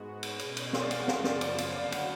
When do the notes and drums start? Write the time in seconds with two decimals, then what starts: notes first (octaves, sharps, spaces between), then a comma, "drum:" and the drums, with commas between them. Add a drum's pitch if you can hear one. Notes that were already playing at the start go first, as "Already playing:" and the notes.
Already playing: G#2 G#3 B3 F#4
0.23 drum: cymbal
0.39 B2 G#3 C#4, drum: cymbal
0.57 drum: cymbal
0.73 F5, drum: snare
0.82 D5
0.91 F5, drum: cymbal
0.99 F#5
1.08 F#2 C#3 F3 B3 F4 F5, drum: snare
1.24 D5, drum: snare
1.41 D5, drum: cymbal
1.58 F5, drum: cymbal
1.75 F#2 D3 F#3 A3 D5
1.84 F5
1.92 F#5, drum: cymbal